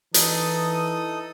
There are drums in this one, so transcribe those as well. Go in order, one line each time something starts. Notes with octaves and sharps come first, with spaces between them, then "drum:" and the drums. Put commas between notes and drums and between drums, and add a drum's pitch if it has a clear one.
E3 D#4 A4 D#6, drum: hi-hat